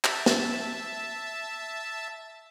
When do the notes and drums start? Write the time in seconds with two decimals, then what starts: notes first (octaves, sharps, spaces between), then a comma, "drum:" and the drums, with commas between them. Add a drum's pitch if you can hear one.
0.04 E5 A5, drum: clap
0.26 drum: snare